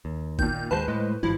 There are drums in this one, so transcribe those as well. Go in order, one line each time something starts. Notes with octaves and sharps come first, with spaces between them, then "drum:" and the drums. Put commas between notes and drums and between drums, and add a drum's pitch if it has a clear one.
D#2
A#2 D#3 G6, drum: kick G1
D#2 F#3 G#3 B4 C5 A5
A2 G#3
G#1 G2 F3 E4